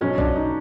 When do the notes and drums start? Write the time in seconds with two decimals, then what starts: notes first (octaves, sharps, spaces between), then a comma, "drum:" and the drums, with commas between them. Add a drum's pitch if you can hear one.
0.01 B1 B2 F#3 C#4
0.18 D4, drum: kick
0.36 D#4